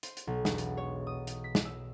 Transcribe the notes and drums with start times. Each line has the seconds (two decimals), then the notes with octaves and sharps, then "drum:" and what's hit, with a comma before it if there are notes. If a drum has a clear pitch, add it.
0.03 C5, drum: hi-hat
0.17 drum: hi-hat
0.27 B1
0.45 E1, drum: snare
0.58 drum: hi-hat
0.77 C#5
1.07 D#6
1.27 drum: hi-hat
1.44 B6
1.55 drum: snare
1.65 E6